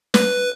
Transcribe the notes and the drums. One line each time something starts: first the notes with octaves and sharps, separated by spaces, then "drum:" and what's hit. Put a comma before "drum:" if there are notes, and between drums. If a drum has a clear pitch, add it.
B4, drum: snare